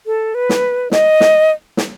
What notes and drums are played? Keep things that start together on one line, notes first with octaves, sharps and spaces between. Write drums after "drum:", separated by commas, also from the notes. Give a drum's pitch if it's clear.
A4
B4
drum: snare
D#5, drum: snare
drum: snare
drum: snare